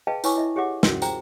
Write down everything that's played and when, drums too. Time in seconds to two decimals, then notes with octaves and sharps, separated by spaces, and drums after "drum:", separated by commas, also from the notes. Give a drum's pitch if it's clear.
0.07 G#4 B4 D#5 F5 G5 A5
0.24 E4 B4 C#5 G#5 C#6 D6, drum: tambourine
0.36 E4 D#5 E5
0.56 G4 G#4 C#5 E5 F#5 D6
0.83 C#4 F#4 A#4, drum: snare
1.02 F4 G#4 C5 G5 A#5, drum: tambourine